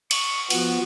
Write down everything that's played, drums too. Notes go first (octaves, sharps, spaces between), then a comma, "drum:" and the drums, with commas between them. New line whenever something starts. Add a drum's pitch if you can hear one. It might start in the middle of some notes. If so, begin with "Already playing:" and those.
C#6, drum: cymbal
F3 B3 F#4, drum: cymbal